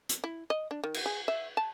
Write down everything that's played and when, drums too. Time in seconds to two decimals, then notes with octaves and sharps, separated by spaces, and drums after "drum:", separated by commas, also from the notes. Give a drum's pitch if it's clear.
0.09 drum: hi-hat
0.24 E4
0.50 D#5
0.71 D4
0.84 D#3
0.94 drum: cymbal
1.06 G#4
1.28 E5
1.57 A5